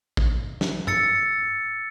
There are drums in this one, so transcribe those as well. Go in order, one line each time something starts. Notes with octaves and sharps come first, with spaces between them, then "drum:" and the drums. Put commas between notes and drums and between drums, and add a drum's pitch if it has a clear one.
drum: kick
drum: snare
E6 A6 C#7, drum: tom G2